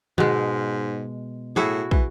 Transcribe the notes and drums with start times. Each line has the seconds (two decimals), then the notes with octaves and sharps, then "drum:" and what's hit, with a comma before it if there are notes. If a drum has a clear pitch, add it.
0.18 G#2 B2 G#3, drum: tom D3
1.56 A2 E4 F#4 G#4
1.91 E3, drum: kick